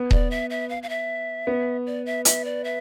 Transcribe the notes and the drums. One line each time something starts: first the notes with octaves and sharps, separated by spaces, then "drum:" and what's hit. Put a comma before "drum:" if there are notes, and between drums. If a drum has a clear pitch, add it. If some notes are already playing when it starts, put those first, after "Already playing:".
Already playing: B3
D5, drum: kick D#1
E5
E5
F5
F5
E5
B3
D5
E5
E5, drum: hi-hat
D5
E5